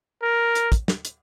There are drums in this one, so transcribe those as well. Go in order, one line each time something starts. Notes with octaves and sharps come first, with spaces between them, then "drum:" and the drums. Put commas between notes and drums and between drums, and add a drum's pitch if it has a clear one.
A#4
drum: hi-hat
drum: kick, hi-hat
drum: snare
drum: hi-hat